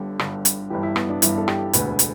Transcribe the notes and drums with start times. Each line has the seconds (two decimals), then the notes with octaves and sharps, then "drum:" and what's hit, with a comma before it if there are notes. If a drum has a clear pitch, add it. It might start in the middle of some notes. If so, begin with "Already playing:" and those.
Already playing: G1 G2 D3 G4
0.19 G1 G2 D3, drum: rim click
0.45 drum: hi-hat
0.70 G1 G2 E3 G4
0.83 E4
0.96 B3, drum: rim click
1.09 D4
1.22 G1 G2 E3 E4, drum: hi-hat
1.38 A4
1.48 G4, drum: rim click
1.73 E1 D2 D3 B4, drum: hi-hat
1.99 drum: hi-hat